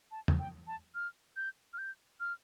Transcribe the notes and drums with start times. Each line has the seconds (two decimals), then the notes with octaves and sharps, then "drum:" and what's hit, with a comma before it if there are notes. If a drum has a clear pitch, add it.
0.11 A5
0.28 drum: tom
0.39 G5
0.67 A5
0.95 F6
1.36 G6
1.73 F6
1.78 G6
2.20 F6